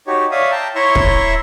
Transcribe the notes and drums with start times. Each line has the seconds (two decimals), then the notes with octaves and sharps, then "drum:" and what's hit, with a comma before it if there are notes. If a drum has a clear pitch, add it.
0.07 D#4 F#4 G4 C#5
0.31 C#5 D5 E5 F5 D#6
0.51 G5 A5 A#5
0.75 E4 C#5 E5 A#5 C6 C#6
0.95 drum: kick